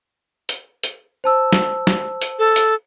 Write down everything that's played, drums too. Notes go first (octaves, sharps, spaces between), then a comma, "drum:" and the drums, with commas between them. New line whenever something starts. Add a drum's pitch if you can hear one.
drum: hi-hat
drum: hi-hat
C5 A5 E6
drum: snare
drum: snare
drum: hi-hat
A4
drum: hi-hat